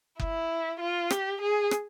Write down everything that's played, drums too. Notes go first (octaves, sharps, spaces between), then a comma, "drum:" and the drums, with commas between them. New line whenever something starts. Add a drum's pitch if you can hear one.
E4, drum: kick F#1
F4
G4, drum: rim click
G#4
drum: rim click